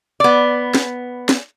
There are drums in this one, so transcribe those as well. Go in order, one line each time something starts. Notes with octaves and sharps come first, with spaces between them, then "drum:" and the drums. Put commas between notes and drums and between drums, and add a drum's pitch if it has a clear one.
B3 D5
drum: snare
drum: snare